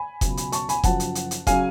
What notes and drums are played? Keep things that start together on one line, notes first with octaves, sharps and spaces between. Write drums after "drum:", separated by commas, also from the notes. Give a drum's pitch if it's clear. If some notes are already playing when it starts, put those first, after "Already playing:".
Already playing: G#5 B5
C#2 B2 F#3, drum: kick F1, hi-hat
drum: hi-hat
A5 C#6, drum: hi-hat
G#5 B5, drum: hi-hat
F#1 F#2 F3 F#5 A5, drum: kick F1, hi-hat
drum: hi-hat
drum: hi-hat
drum: hi-hat
C#3 F#3 F5 G#5, drum: kick F1, hi-hat